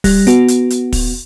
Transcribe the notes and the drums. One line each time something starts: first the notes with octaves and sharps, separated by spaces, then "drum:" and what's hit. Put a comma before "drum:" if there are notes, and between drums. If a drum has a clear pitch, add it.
G3, drum: kick, open hi-hat
B3 F#4, drum: hi-hat
drum: hi-hat
drum: hi-hat
drum: kick, open hi-hat